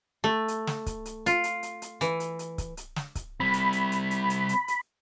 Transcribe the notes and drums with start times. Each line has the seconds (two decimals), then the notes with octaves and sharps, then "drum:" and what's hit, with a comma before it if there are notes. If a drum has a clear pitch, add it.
0.24 A3
0.48 drum: hi-hat
0.67 drum: snare
0.86 drum: kick C#1, hi-hat
1.05 drum: hi-hat
1.26 F4, drum: hi-hat
1.44 drum: hi-hat
1.63 drum: hi-hat
1.82 drum: hi-hat
2.01 E3, drum: hi-hat
2.20 drum: hi-hat
2.39 drum: hi-hat
2.58 drum: kick C#1, hi-hat
2.77 drum: hi-hat
2.96 drum: snare
3.15 drum: kick C#1, hi-hat
3.40 G3 C4 B5
3.54 drum: hi-hat
3.73 drum: hi-hat
3.92 drum: hi-hat
4.11 drum: hi-hat
4.30 drum: hi-hat
4.49 drum: hi-hat
4.68 drum: hi-hat